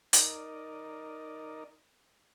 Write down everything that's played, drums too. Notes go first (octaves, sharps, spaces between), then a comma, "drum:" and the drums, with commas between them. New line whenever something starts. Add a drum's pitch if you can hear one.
D#4 A#4 D5 D#5, drum: hi-hat